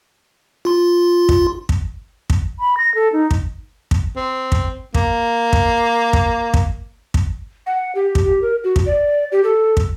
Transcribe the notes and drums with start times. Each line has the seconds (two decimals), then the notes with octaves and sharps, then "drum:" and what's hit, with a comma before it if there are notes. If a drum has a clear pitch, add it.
0.65 F4 C6
1.29 drum: kick
1.69 drum: kick
2.30 drum: kick
2.60 B5
2.77 A#6
2.95 A4
3.13 D#4
3.31 drum: kick
3.91 drum: kick
4.16 C4
4.52 drum: kick
4.95 A#3, drum: kick
5.53 drum: kick
6.13 drum: kick
6.54 drum: kick
7.14 drum: kick
7.66 F#5
7.95 G4
8.15 drum: kick
8.24 G4
8.42 A#4
8.64 F#4
8.76 drum: kick
8.86 D5
9.32 G4
9.44 A4
9.77 drum: kick